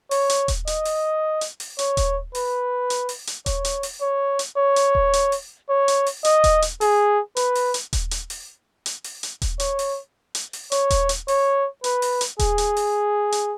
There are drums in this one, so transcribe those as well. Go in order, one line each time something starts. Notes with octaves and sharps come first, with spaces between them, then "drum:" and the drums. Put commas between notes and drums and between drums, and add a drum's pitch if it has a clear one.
C#5, drum: open hi-hat
drum: hi-hat
drum: kick D#1, hi-hat
D#5, drum: hi-hat
drum: open hi-hat
drum: hi-hat
drum: open hi-hat
C#5, drum: hi-hat
drum: kick D#1, hi-hat
B4, drum: open hi-hat
drum: hi-hat
drum: open hi-hat
drum: hi-hat
C#5, drum: kick D#1, hi-hat
drum: hi-hat
drum: open hi-hat
C#5
drum: hi-hat
C#5
drum: hi-hat
drum: kick D#1
drum: hi-hat
drum: open hi-hat
C#5
drum: hi-hat
drum: open hi-hat
D#5, drum: hi-hat
drum: kick D#1, hi-hat
drum: hi-hat
G#4, drum: open hi-hat
B4, drum: hi-hat
drum: open hi-hat
drum: hi-hat
drum: kick D#1, hi-hat
drum: hi-hat
drum: open hi-hat
drum: hi-hat
drum: open hi-hat
drum: hi-hat
drum: kick D#1, hi-hat
C#5, drum: hi-hat
drum: open hi-hat
drum: hi-hat
drum: open hi-hat
C#5, drum: hi-hat
drum: kick D#1, hi-hat
drum: hi-hat
C#5, drum: open hi-hat
B4, drum: hi-hat
drum: open hi-hat
drum: hi-hat
G#4, drum: kick D#1, hi-hat
drum: hi-hat
drum: open hi-hat
drum: hi-hat